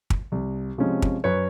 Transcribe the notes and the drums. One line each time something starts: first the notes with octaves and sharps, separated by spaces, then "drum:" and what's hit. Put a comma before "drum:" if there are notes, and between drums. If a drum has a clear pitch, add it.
drum: kick
C2
C3 F3 G#3 C#4
drum: kick
F#2 B4 C#5